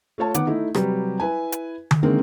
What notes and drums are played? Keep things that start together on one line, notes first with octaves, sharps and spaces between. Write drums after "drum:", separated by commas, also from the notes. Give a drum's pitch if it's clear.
A3 F4 C#5 A5
D#3 B3 F#5 D6, drum: hi-hat
A3 D#4 E4
C3 F#3 G3 G4 B4, drum: rim click
E4 B4 G#5
drum: hi-hat
drum: tom D3
D3 D#3 G#3 A#3 C4 C#4